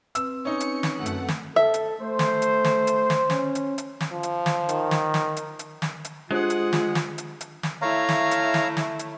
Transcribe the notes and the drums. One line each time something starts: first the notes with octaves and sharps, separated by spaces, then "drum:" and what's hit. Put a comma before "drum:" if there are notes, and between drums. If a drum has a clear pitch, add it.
C4 B4 E6, drum: hi-hat
C#4 D#4 C#7
drum: hi-hat
drum: snare
F#2 A3 F#5
drum: hi-hat
drum: snare
A4 E5
drum: hi-hat
A3 C5
drum: snare
drum: hi-hat
drum: snare
drum: hi-hat
drum: snare
C#4, drum: snare
drum: hi-hat
drum: hi-hat
drum: snare
F3
drum: hi-hat
drum: snare
D#3, drum: hi-hat
drum: snare
drum: snare
drum: hi-hat
drum: hi-hat
drum: snare
drum: hi-hat
G#3 D4 F4 G4 G#4 C5 F#5
drum: hi-hat
drum: snare
drum: snare
drum: hi-hat
drum: hi-hat
drum: snare
A3 E4 C#5 F5 A#5
drum: snare
drum: hi-hat
drum: snare
drum: snare
drum: hi-hat